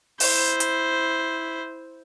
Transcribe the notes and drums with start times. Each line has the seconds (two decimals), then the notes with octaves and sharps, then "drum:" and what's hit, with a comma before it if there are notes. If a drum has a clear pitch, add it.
0.20 E4 C5, drum: open hi-hat
0.60 drum: hi-hat